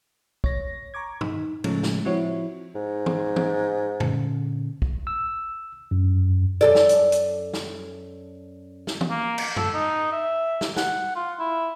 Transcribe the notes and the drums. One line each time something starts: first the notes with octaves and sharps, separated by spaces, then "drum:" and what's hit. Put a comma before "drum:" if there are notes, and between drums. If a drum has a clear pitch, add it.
C#5 A#6, drum: kick
A#5 C#6 D6 G#6
D#4, drum: tom
A2 C#3 F3 G#3 A3 C#4, drum: cymbal
drum: snare
F3 C4 E4 F#4 C#5
G#2
drum: tom E3
drum: tom E3
A#2 D3 C#4, drum: tom F#2
drum: kick
E6
F#2
F#2 A4 D5
drum: snare
drum: hi-hat
drum: hi-hat
drum: snare
drum: snare
drum: tom E3
A#3
drum: cymbal
A4, drum: tom F#2
D#4
E5
drum: snare
F#5, drum: snare
F4
E4